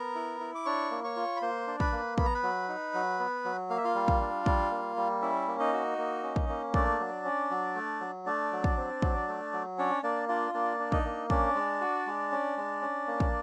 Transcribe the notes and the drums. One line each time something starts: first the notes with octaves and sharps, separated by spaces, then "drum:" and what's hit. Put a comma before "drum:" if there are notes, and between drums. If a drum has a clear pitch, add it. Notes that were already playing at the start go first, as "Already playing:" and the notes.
Already playing: B3 A#4 A#5
E4
E4
D6
D4 C#5 C#6
A#3
C#5 C#6
F4
B5
A#3 C5 C6
D4
B4 B5, drum: kick
A#3
B3 B5, drum: kick
A#5
B4 B5
F#3
D#4
F#3
B3
F#3
A#3 F5
E5
F4 F5
G3
drum: kick
D4
G3, drum: kick
A#3
G3
C#4 E4 E5
A#3
D#4 D#5
F#4
A#3
C#4
drum: kick
A#3
A3 D4 D5, drum: kick
F#3
C#4
F#3
A3
F#3
A3 D4 D5
F#3
drum: kick
C4
F#3, drum: kick
A3
F#3
C#4 D4 C#5
A#3 D4 D5
D4 F4 D5
A#3 D4 D5
D4
D#4 D#5, drum: kick
A#3
C#4 D4 D5, drum: kick
G#3
F#4
G#3
C#4
G#3
C#4
A#3
drum: kick